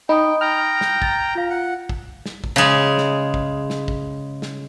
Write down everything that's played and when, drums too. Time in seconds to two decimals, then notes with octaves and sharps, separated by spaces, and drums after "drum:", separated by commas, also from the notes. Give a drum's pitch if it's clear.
0.09 D#4 G5 B5 D#6
0.41 G5 A#5 F6
0.81 drum: snare
1.02 A6, drum: kick
1.35 F4 F5
1.50 F#5
1.89 drum: kick
2.26 drum: snare
2.44 drum: kick
2.56 C#3 G#3
2.98 drum: snare
3.34 drum: kick
3.70 drum: snare
3.88 drum: kick
4.42 drum: snare